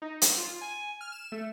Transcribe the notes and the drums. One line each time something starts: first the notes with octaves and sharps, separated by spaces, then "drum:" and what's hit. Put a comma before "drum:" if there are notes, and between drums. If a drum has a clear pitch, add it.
D#4
drum: hi-hat
F4
G#5
F6
E7
A3